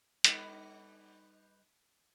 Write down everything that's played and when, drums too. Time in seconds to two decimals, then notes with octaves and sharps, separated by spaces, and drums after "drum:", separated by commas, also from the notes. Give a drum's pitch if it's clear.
0.24 G3 D#4 B4, drum: hi-hat